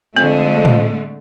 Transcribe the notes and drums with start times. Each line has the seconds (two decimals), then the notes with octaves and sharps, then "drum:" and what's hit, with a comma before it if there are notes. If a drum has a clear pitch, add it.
0.16 F2 D3 G#3 A3 C4
0.65 drum: tom